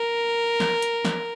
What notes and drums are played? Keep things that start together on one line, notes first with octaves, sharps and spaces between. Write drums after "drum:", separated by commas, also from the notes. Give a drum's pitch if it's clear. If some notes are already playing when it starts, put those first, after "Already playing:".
Already playing: A#4
drum: snare
drum: hi-hat
drum: snare